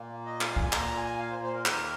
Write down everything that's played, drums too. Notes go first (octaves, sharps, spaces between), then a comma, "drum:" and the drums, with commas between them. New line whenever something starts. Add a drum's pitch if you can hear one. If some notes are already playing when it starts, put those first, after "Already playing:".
Already playing: A#2 A#3
D#5
F5, drum: clap
G#5, drum: kick
A#2 A#3 A#5, drum: clap
G#5
F5
C5
C5
A#4
D#2 D#3 A#3, drum: clap